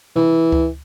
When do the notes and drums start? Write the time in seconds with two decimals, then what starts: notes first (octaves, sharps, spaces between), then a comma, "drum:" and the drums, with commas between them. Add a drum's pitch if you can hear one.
0.16 E3, drum: tom B2
0.52 drum: kick C#2